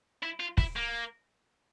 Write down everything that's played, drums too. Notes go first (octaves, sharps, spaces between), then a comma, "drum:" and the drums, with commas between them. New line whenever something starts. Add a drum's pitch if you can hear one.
E4
F4
E4, drum: kick
A#3